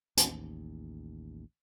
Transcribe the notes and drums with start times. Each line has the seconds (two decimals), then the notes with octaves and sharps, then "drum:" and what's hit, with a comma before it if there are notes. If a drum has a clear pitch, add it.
0.17 A1 D#2, drum: hi-hat